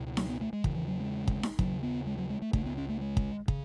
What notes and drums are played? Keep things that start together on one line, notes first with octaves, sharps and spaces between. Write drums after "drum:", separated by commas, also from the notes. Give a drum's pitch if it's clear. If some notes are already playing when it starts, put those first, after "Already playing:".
Already playing: C#2 B2
F#3, drum: snare D#4
B3
A3
G#3
E2 C#3 E3, drum: kick
E3
F#3
G#3
drum: kick
drum: snare D#4
D#2 C#3 F#3, drum: kick
B3
G#3
F#3
G#3
A3
C#2 C#3 A3, drum: kick
B3
C#4
A3
G#3
drum: kick
C#3, drum: kick